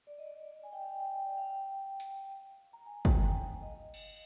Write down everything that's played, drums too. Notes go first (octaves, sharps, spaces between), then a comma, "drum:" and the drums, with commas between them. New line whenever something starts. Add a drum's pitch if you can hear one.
D5
D#5
D5
D5
G#5
G5
F5
G5
G5
F5
F5
drum: hi-hat
A#5
G#5
G5, drum: kick
G5
F5
D#5
F5
drum: cymbal